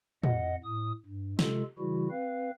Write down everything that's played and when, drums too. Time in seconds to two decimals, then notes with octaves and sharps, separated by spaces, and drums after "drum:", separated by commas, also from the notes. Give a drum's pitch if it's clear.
0.24 F2 D#5 F#5, drum: tom A2
0.64 A2 D#6
1.06 G2
1.39 C3 G#3 F4 A4, drum: snare
1.79 C#3 E3 G3 E4 F#4
2.10 C4 B4 F5